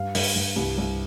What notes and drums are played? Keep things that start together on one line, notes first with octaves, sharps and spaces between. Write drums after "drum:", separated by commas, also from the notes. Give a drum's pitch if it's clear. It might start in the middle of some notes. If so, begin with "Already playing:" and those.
Already playing: G2 F5
G2, drum: open hi-hat
G2
C2
C2